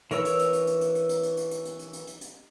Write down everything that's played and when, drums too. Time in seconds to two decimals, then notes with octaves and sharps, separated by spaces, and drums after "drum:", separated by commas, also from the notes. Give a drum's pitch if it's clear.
0.11 E3 A#4 C#5 E6, drum: hi-hat
0.25 drum: hi-hat
0.39 drum: hi-hat
0.53 drum: hi-hat
0.67 drum: hi-hat
0.81 drum: hi-hat
0.95 drum: hi-hat
1.09 drum: hi-hat
1.23 drum: hi-hat
1.37 drum: hi-hat
1.51 drum: hi-hat
1.65 drum: hi-hat
1.79 drum: hi-hat
1.93 drum: hi-hat
2.07 drum: hi-hat
2.21 drum: hi-hat